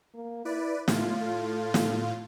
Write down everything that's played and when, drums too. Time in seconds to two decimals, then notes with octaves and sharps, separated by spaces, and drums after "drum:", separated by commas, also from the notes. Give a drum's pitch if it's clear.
0.15 A#3
0.45 E4 B4 D5
0.88 A2 A3 F4, drum: snare
1.20 A4
1.74 drum: snare